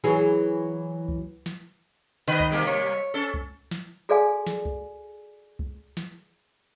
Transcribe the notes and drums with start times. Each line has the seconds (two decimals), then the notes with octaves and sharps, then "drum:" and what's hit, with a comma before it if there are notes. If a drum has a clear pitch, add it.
0.04 E3 F#3 G#4
1.08 drum: kick C2
1.46 drum: snare
2.28 D#3 B4 D#5
2.40 drum: kick C2
2.51 C3 G3 A#3
2.67 C#5
3.14 C#4 A4
3.34 drum: kick C2
3.71 drum: snare
4.09 F#4 G#4 A4 D5 F5 G#5
4.47 drum: snare
4.65 drum: kick C2
5.59 drum: kick C2
5.97 drum: snare